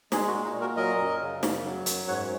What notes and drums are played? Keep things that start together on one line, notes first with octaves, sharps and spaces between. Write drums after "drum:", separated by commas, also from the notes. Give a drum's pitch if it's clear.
G#3 D#4 G#4, drum: snare
F#4
A#2
D#4
A#2
F#4 A#4
F#3 A#4 D#5
F#2
C#3
F#2, drum: snare
F#3
F#2, drum: hi-hat
G#2 C#5 F#5